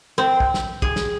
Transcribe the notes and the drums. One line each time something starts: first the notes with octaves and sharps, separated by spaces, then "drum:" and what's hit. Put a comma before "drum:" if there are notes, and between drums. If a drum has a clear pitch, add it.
C4
drum: kick
drum: snare
G#4, drum: kick
drum: snare